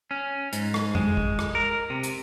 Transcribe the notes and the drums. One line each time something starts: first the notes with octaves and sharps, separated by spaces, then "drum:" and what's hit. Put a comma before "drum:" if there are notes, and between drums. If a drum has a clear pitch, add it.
C#4
G#2, drum: hi-hat
drum: rim click
G#3, drum: tom F2
drum: kick
drum: rim click
A#4
C3
drum: hi-hat